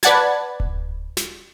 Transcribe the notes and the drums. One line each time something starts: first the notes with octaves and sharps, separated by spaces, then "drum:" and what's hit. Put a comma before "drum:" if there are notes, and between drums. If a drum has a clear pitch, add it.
B4 D5 F#5 A5 G#6, drum: snare
drum: kick D1
drum: snare